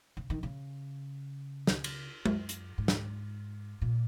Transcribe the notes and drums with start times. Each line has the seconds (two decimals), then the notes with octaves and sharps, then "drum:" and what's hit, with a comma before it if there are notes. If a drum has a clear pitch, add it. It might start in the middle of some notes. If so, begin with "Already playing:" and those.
0.17 C#3
0.30 D#3
0.43 C#3
1.67 drum: snare
1.84 drum: cymbal
2.26 F#2, drum: tom G#3
2.49 drum: hi-hat
2.78 G#2
2.88 drum: snare
3.82 A#2